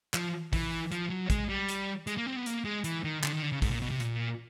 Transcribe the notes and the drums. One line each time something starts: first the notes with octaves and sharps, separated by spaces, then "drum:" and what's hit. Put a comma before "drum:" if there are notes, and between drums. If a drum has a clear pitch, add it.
F3, drum: clap
E3, drum: kick, open hi-hat
F3, drum: hi-hat
F#3
G#3, drum: kick, hi-hat
G3
drum: hi-hat
G#3, drum: hi-hat
A#3
C4
B3
A#3, drum: hi-hat
G#3
E3, drum: hi-hat
D#3
D3, drum: clap
D#3
D3
C#3
G#2, drum: kick, open hi-hat
A#2
B2
C3
A#2, drum: hi-hat